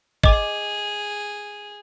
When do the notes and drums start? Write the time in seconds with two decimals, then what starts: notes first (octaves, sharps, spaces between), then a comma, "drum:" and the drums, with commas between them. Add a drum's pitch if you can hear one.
0.24 G#4 D#5 D6, drum: kick